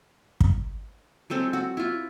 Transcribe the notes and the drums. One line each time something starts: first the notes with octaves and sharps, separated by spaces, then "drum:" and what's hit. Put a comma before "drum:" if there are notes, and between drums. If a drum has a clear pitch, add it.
drum: kick
F#3 G#3 C4 A4
F#4
E4 F4